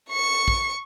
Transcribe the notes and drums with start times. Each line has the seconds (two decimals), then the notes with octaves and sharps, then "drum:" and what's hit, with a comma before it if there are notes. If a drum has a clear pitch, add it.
0.10 C#6 C#7
0.48 drum: kick